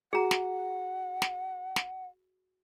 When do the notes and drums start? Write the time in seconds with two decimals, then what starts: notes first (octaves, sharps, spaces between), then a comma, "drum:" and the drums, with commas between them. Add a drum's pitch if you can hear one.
0.13 F#4 G#4 F#5 A#5
0.31 drum: snare
1.22 drum: snare
1.76 drum: snare